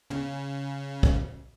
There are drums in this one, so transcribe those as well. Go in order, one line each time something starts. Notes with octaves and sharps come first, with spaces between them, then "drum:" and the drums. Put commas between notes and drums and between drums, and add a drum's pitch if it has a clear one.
C#3, drum: tom
drum: kick